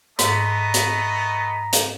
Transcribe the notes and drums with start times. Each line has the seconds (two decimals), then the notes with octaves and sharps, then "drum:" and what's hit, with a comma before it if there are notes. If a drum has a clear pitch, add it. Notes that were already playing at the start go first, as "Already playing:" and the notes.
0.19 G#2 A3 B3 D#5 A#5, drum: hi-hat
0.74 drum: hi-hat
1.73 drum: hi-hat